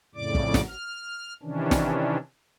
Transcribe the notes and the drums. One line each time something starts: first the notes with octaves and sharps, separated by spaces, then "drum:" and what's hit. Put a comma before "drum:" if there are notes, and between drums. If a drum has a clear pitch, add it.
F2 A2 C#3 D5 D6
drum: kick
drum: snare
F6
C3 D#3 E3 C#4 D4
drum: snare